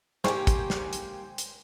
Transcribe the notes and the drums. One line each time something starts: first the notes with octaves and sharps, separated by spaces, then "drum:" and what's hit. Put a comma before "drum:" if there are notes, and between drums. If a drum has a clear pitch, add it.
G#2 A#3 G4 C5 G5 G#5 C#6, drum: snare
drum: kick, hi-hat
drum: snare
drum: hi-hat
drum: hi-hat